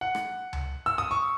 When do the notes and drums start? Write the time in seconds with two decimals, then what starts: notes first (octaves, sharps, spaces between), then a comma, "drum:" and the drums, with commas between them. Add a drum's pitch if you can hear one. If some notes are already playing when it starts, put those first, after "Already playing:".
0.01 F#5
0.15 drum: rim click
0.53 drum: tom C#2
0.86 E6
0.98 D#6
1.11 C#6